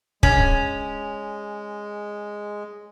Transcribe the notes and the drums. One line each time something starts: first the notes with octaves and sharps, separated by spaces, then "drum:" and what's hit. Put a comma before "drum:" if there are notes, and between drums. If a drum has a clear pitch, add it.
G#3 C#4, drum: kick